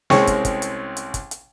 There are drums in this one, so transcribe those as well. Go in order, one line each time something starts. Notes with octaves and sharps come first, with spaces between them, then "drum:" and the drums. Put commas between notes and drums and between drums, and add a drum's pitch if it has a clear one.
C2 G#3 C4 C#4 C#5 C#6, drum: snare
drum: kick, hi-hat
drum: kick, hi-hat
drum: hi-hat
drum: hi-hat
drum: kick, hi-hat
drum: hi-hat